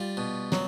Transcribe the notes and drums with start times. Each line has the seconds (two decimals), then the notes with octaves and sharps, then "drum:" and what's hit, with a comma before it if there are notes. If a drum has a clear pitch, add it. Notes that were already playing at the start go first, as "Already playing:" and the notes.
Already playing: G3 F4
0.17 B2
0.52 F#3, drum: snare